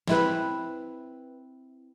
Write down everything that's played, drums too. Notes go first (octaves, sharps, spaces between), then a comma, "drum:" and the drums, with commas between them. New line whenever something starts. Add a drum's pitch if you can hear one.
C4 E4 B4, drum: snare